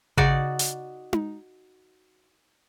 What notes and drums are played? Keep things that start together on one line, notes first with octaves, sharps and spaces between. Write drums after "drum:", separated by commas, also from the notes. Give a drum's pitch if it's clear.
C#3 D#4 F#4 D5, drum: kick G#1
drum: hi-hat
drum: tom D#4